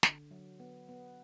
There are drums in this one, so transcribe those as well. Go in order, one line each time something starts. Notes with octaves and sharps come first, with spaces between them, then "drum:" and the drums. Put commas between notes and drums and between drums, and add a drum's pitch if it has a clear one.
D3, drum: snare
F#3
B3
B3